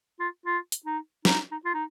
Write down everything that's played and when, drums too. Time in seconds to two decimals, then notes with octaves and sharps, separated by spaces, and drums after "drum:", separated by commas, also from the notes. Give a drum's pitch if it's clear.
0.20 F4
0.46 F4
0.72 drum: hi-hat
0.86 D#4
1.25 D#4, drum: snare
1.52 D#4
1.65 F4
1.74 D#4